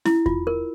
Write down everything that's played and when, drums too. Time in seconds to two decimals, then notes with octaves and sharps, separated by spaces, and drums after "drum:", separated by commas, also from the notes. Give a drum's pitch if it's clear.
0.05 E4, drum: snare C#4
0.26 F4, drum: kick E2
0.47 A#4